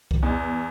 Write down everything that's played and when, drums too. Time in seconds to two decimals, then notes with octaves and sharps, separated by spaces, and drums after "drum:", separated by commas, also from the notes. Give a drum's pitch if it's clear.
0.11 drum: kick C2
0.23 E2